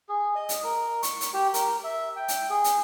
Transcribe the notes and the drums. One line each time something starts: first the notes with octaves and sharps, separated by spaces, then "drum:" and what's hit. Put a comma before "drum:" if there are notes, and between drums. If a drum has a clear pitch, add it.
G#4
D#5
drum: hi-hat
A#4
C#6, drum: hi-hat
drum: hi-hat
G4
A#4, drum: hi-hat
E5
G5
drum: hi-hat
G#4
drum: hi-hat